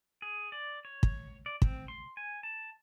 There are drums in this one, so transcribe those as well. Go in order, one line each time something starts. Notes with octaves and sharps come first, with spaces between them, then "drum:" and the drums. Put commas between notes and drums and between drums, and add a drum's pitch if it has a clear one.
G#4
D5
C#5
drum: kick
D5
C4, drum: kick
C6
G#5
A5